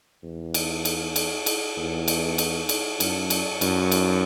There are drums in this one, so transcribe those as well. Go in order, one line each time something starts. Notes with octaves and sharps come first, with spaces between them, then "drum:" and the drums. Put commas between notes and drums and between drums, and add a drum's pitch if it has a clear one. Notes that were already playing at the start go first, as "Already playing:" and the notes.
E2
drum: cymbal
drum: cymbal
drum: cymbal
drum: cymbal
E2
drum: cymbal
drum: cymbal
drum: cymbal
F#2, drum: cymbal
drum: cymbal
F#2, drum: cymbal
drum: cymbal